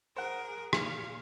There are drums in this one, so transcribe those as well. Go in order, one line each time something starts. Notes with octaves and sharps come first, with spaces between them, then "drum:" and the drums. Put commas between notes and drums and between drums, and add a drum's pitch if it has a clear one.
G#4 A#4 C5 F#5
A#2 F5, drum: rim click